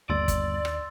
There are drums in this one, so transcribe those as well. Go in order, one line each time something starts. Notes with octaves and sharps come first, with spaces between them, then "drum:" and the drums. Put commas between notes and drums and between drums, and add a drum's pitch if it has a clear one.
G1 D#2 D5 C6 E6 A6
drum: kick, hi-hat
drum: rim click